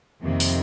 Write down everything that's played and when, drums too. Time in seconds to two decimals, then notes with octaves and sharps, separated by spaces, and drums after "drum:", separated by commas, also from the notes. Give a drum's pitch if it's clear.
0.22 F2 C3 D#3 A#3
0.40 drum: open hi-hat